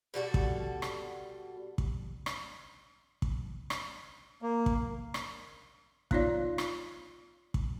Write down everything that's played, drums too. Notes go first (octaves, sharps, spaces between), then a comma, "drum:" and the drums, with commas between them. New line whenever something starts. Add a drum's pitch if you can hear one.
B2 G3 F#4 A4
drum: kick
drum: rim click
drum: kick
drum: rim click
drum: kick
drum: rim click
A#3
drum: kick
drum: rim click
B3 D#4 F4 C#5 D5 F5, drum: kick
drum: rim click
drum: kick